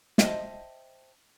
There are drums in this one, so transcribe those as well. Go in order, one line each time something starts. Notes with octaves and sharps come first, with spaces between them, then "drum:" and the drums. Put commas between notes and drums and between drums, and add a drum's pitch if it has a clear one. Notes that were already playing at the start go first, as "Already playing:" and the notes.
C5 D#5 E5 G5 A5, drum: snare